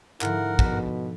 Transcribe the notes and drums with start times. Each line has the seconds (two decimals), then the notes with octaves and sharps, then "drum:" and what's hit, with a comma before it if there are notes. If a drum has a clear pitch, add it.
0.21 G#2 D3 F3 E4 A#4 F#5, drum: clap
0.59 B2 B4, drum: kick